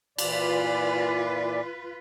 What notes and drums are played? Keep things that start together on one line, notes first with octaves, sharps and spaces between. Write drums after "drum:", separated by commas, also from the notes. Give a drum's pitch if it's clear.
A#2 E3 F4 B4 D5, drum: cymbal